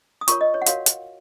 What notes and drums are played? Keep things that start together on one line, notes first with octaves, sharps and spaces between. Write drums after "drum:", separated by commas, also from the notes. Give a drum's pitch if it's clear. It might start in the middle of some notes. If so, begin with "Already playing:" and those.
D#6
F4 A#4 C#5 C#6, drum: hi-hat
D#5
C#5
F#5
F#4 A#4 C#5 F5, drum: hi-hat
drum: hi-hat